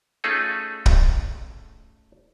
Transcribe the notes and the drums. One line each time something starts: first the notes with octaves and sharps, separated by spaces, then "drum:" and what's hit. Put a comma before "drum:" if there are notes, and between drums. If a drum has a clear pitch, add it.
A3 C#4 D#4 F4 G#4 A4
drum: kick